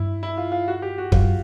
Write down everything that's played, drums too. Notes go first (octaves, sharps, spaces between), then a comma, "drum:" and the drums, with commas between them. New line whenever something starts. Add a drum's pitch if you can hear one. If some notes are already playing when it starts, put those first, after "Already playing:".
Already playing: G2 E4
E4
F4
F4
F#4
G4
F#4
F#2 F4, drum: kick